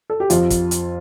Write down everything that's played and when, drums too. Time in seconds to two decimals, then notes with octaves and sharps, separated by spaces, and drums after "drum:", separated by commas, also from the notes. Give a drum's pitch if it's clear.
0.10 A4
0.20 G4
0.30 F2 F4, drum: hi-hat
0.50 drum: kick, hi-hat
0.71 drum: hi-hat